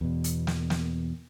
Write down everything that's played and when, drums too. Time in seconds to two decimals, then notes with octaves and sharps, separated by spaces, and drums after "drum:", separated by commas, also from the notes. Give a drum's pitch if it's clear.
0.01 E2 B2
0.24 drum: hi-hat
0.47 drum: snare
0.70 drum: snare